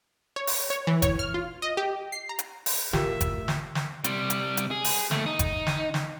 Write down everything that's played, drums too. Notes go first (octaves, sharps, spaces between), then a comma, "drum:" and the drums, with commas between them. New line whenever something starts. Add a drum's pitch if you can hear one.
C#5
drum: open hi-hat
C#5
E3
C#5, drum: kick G1, hi-hat
F6
F4
D#5
G4
C7
A#5
drum: hi-hat
drum: open hi-hat
A2 F4 G4 A#4 E5, drum: snare
drum: kick G1, hi-hat
drum: snare
drum: snare
C3 G3, drum: hi-hat
drum: hi-hat
drum: hi-hat
G#4
drum: open hi-hat
D#2 A3, drum: snare
D#4
drum: kick G1, hi-hat
drum: snare
drum: snare